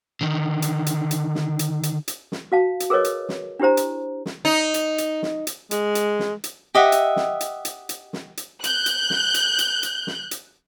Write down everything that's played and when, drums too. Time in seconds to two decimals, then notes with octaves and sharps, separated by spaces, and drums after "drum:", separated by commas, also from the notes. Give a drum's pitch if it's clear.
0.21 D3 D#3
0.62 drum: hi-hat
0.86 drum: hi-hat
1.11 drum: hi-hat
1.35 drum: snare
1.59 drum: hi-hat
1.83 drum: hi-hat
2.08 drum: hi-hat
2.32 drum: snare
2.52 F#4 F5 A5
2.80 drum: hi-hat
2.90 G#4 A#4 B4 C#5 D#5
3.04 drum: hi-hat
3.29 drum: snare
3.60 D4 E4 G4 C5 A#5
3.77 drum: hi-hat
4.26 drum: snare
4.45 D#4
4.74 drum: hi-hat
4.98 drum: hi-hat
5.22 drum: snare
5.47 drum: hi-hat
5.71 G#3, drum: hi-hat
5.95 drum: hi-hat
6.19 drum: snare
6.44 drum: hi-hat
6.75 G4 D#5 E5 F#5
6.92 drum: hi-hat
7.16 drum: snare
7.41 drum: hi-hat
7.65 drum: hi-hat
7.89 drum: hi-hat
8.13 drum: snare
8.37 drum: hi-hat
8.64 F#6 G6, drum: hi-hat
8.86 drum: hi-hat
9.10 drum: snare
9.34 drum: hi-hat
9.59 drum: hi-hat
9.83 drum: hi-hat
10.07 drum: snare
10.31 drum: hi-hat